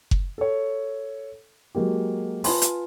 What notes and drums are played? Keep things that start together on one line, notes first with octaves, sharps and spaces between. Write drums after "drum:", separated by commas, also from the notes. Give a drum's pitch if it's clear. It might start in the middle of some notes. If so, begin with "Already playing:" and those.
drum: kick F#1
A4 C#5
F#3 G#3 A#3 G4
F4 B4 G#5 A5 B5 C6, drum: open hi-hat
drum: hi-hat